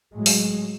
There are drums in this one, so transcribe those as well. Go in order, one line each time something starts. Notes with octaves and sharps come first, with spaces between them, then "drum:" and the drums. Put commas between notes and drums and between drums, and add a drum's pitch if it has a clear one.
A2 F#3 G#3
drum: open hi-hat